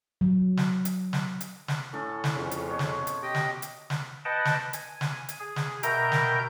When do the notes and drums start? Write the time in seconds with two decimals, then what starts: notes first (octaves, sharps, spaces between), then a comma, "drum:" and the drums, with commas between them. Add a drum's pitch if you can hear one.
0.21 F#3
0.57 drum: snare
0.85 drum: hi-hat
1.13 drum: snare
1.41 drum: hi-hat
1.68 drum: snare
1.93 A2 C#4 A4
2.24 drum: snare
2.35 F2 C#3 C#4 F4
2.51 drum: hi-hat
2.69 B2 C#5 A5
2.79 drum: snare
3.07 drum: hi-hat
3.23 G4 D#5 G5
3.35 drum: snare
3.62 drum: hi-hat
3.90 drum: snare
4.25 B4 D#5 F#5 G5 A5
4.45 drum: snare
4.73 G#5, drum: hi-hat
5.01 drum: snare
5.29 drum: hi-hat
5.40 G#4
5.56 drum: snare
5.83 B2 A#4 E5 G5 A#5 G6, drum: hi-hat
6.12 drum: snare